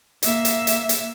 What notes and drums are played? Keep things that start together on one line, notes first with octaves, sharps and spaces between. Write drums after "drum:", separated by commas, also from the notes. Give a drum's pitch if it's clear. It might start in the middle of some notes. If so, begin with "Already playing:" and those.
A#3 E5, drum: hi-hat
drum: hi-hat
drum: hi-hat
drum: hi-hat